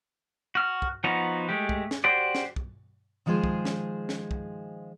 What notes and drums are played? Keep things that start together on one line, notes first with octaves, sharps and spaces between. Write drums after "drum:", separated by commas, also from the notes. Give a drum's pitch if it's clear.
F#4 F6
drum: kick
F3 B3 D#4 F#4 A#5
G#3 A3 G4
drum: kick
drum: snare
F#4 G4 C5 D5
drum: snare
drum: kick
D#3 F3 G#3 G#4 C5
drum: kick
drum: snare
drum: snare
drum: kick